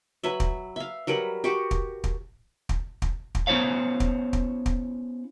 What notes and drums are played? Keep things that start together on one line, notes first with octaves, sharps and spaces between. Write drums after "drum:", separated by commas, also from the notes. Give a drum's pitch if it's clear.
F#3 B4 E5
drum: kick
E5 F5
F#3 G3 A#4 B4
F#4 G4
drum: kick
drum: kick
drum: kick
drum: kick
drum: kick
B3 C#4 E4 C5 C#5 F5
drum: kick
drum: kick
drum: kick